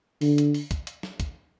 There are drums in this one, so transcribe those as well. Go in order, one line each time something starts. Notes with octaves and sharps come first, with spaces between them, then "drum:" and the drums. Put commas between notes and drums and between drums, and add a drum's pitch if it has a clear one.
D3, drum: open hi-hat
drum: hi-hat
drum: open hi-hat
drum: kick, hi-hat
drum: hi-hat
drum: snare
drum: kick, hi-hat